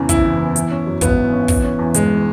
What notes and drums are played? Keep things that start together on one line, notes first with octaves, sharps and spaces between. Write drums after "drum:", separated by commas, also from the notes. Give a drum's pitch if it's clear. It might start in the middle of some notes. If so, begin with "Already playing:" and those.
Already playing: E2 C#3 E3 B3
F#1 E4, drum: kick, hi-hat
E3
B3
E3, drum: hi-hat
C#4
F#2
G#1 B3, drum: kick, hi-hat
E3
C#4
E3, drum: kick, open hi-hat
C#4
E2
E1 G#3, drum: hi-hat
E3